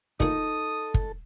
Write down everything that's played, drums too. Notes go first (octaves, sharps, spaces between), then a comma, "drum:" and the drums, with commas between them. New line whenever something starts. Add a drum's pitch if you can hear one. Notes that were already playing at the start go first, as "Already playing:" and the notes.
D2 A#2 D#4 G#4 A4 D#6, drum: kick
drum: kick